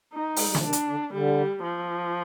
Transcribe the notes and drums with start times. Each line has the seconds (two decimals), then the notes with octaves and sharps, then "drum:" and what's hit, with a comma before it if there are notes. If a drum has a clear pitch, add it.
0.14 D#4
0.36 G#3, drum: open hi-hat
0.46 G3
0.55 F3, drum: snare
0.64 C3 D#3 D4
0.73 drum: hi-hat
0.88 D3
1.12 D3 G3
1.63 F3